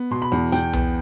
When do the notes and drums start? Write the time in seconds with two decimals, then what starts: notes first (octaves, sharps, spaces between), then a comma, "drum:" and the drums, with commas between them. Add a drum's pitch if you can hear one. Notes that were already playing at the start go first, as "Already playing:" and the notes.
Already playing: B3
0.11 B2 C6
0.22 B5
0.32 E2
0.52 E2 G5, drum: hi-hat
0.73 B3, drum: tom B1